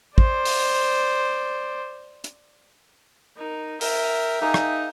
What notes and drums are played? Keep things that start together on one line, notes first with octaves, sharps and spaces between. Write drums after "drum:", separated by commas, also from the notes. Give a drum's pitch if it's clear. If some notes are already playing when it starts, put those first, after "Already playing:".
C5 D5, drum: kick
drum: open hi-hat
drum: hi-hat
D#4 A#4
A#4 E5 G5, drum: open hi-hat
A#3 D#4 G#4
drum: rim click